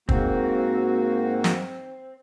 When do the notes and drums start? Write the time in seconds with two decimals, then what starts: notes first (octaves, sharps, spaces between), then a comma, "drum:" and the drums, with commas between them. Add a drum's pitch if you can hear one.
0.09 G#2 A#3 C4 F#4, drum: kick
1.44 drum: snare